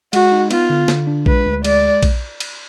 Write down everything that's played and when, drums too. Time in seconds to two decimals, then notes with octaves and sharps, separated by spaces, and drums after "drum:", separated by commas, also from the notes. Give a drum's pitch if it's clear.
0.13 G#3 F#4, drum: cymbal
0.32 D#4
0.51 B3 F4, drum: cymbal
0.70 D3
0.88 D3, drum: snare
1.07 D4
1.26 G#3 B4, drum: kick A#1
1.46 D2
1.64 G#3 D5, drum: cymbal
2.03 drum: kick A#1, cymbal
2.40 drum: cymbal